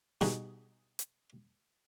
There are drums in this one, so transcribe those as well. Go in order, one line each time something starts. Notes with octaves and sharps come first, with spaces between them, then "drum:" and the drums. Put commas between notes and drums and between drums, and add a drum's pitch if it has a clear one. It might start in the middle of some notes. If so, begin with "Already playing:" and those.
G2 B2 D#4 F#4 G#4, drum: snare
drum: hi-hat